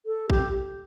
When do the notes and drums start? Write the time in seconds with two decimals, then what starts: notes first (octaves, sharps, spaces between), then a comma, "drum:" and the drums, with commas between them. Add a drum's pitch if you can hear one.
0.06 A4
0.30 G4, drum: kick A1